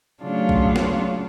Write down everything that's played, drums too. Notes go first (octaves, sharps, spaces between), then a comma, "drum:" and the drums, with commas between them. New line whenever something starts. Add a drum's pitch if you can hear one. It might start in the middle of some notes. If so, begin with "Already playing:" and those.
C#3 F#3 A3 D4 F4
drum: kick A#1
drum: snare